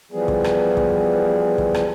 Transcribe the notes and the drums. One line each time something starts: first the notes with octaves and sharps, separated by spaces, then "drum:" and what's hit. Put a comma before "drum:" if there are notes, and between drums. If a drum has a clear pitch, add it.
E3 F3 G3 B3 G#4
drum: kick
drum: rim click
drum: kick
drum: kick
drum: rim click